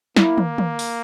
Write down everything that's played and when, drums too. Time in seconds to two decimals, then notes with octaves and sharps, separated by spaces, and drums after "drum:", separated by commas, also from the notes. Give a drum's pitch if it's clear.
0.16 A#3 E4, drum: snare
0.38 drum: tom
0.58 drum: tom
0.79 drum: open hi-hat